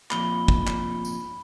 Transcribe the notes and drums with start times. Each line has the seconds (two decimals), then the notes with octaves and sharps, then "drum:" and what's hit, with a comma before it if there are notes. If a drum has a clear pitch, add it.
0.11 F2 A#2 B5 G7, drum: clap
0.48 drum: kick
0.67 drum: clap
1.05 drum: tambourine